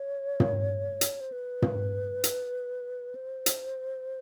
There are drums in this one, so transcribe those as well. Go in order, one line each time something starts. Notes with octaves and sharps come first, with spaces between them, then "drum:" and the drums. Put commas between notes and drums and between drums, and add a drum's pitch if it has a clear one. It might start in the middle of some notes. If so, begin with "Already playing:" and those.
Already playing: C#5
drum: tom
drum: hi-hat
C5
B4
drum: tom
drum: hi-hat
C5
drum: hi-hat